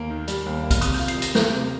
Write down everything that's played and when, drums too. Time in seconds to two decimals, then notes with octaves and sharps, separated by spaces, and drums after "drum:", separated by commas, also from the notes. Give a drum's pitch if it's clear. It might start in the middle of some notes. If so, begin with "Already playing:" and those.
Already playing: D#2 A#3
0.10 D#3
0.28 G3, drum: hi-hat
0.46 D#2
0.63 A#3
0.71 F6, drum: kick, hi-hat
0.81 C3 D#6, drum: hi-hat
0.94 G6, drum: open hi-hat
0.99 F4
1.08 C7, drum: hi-hat
1.16 G3
1.22 A#6, drum: hi-hat
1.35 A#3 G6, drum: snare
1.53 C3